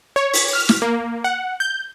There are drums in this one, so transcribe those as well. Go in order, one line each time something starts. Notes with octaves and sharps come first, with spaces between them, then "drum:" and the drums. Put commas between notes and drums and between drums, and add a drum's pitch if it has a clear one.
C#5
drum: open hi-hat
F6
drum: snare
A#3
F#5
G6